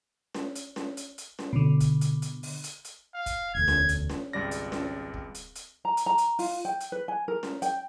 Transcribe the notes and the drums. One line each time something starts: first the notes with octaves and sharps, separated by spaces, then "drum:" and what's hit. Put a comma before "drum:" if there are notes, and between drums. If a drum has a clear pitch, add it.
drum: snare C#4
drum: hi-hat
drum: snare C#4
drum: hi-hat
drum: hi-hat
drum: snare C#4
B2 D3
drum: kick, hi-hat
drum: hi-hat
drum: hi-hat
drum: open hi-hat
drum: hi-hat
drum: hi-hat
F5
drum: kick, hi-hat
E1 D2 G#6
drum: snare C#4
drum: hi-hat
drum: snare C#4
G#1 C#2 G3 D5 A#6
drum: hi-hat
drum: snare C#4
drum: kick
drum: hi-hat
drum: hi-hat
A#5
drum: hi-hat
A#5
drum: hi-hat
F4, drum: open hi-hat
G5
drum: hi-hat
B4
G#5
A#4
drum: snare C#4
G5, drum: hi-hat